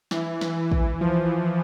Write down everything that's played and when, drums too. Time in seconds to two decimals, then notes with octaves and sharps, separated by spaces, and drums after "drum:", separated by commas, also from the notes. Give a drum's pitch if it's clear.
0.11 E3, drum: snare
0.41 drum: snare
0.57 E3
0.72 drum: kick
1.01 F3